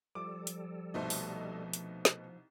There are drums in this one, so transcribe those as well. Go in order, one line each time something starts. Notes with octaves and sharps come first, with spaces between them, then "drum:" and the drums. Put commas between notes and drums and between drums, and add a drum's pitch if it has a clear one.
F3 G3 A4 D6
drum: hi-hat
C2 B2 A3 D#4 C5 D#5
drum: open hi-hat
drum: hi-hat
drum: snare